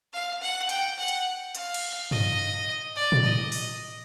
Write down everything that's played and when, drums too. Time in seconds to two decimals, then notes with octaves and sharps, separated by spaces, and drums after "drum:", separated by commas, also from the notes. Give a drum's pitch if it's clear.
0.13 F5
0.41 F#5
0.69 G5, drum: hi-hat
0.98 F#5
1.08 drum: hi-hat
1.55 F5, drum: hi-hat
1.74 drum: cymbal
2.11 D#5, drum: tom G2
2.96 D5
3.12 drum: tom A2
3.24 D#5
3.52 drum: open hi-hat